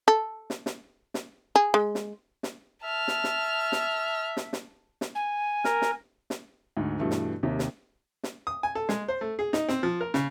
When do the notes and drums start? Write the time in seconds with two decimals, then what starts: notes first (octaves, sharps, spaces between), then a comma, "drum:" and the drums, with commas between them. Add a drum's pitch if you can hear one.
0.08 A4
0.50 drum: snare
0.66 drum: snare
1.14 drum: snare
1.56 G#4
1.74 G#3
1.95 drum: snare
2.43 drum: snare
2.84 E5 A5 F6
3.08 drum: snare
3.24 drum: snare
3.72 drum: snare
4.37 drum: snare
4.53 drum: snare
5.01 drum: snare
5.15 G#5
5.64 A#4, drum: snare
5.82 drum: snare
6.30 drum: snare
6.77 D2 G#2
7.00 G2 B2 E3 A3
7.11 drum: snare
7.43 D#2 C3
7.59 drum: snare
8.23 drum: snare
8.47 D#6
8.63 G#5
8.75 A4
8.89 G#3, drum: snare
9.08 C5
9.21 A3
9.39 G#4
9.53 D#4, drum: snare
9.69 C4, drum: snare
9.83 F3
10.01 A#4
10.14 C#3, drum: snare